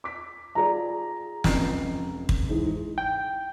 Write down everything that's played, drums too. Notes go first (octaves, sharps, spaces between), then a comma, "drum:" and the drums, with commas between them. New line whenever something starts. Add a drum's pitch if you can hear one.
D6 B6
F4 G#4 D5 A#5
F1 C#2 C7, drum: snare
drum: kick
G#2 E3 G#3
G5